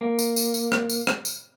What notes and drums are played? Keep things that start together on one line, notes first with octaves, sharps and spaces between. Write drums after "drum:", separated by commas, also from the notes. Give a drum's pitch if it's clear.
A#3
drum: tambourine
drum: tambourine
drum: tambourine
drum: rim click
drum: tambourine
drum: rim click
drum: tambourine